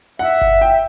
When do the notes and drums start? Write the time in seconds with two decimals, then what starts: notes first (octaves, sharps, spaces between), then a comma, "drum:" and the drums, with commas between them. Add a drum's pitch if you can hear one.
0.19 E5 F#5
0.41 drum: kick G1
0.61 G5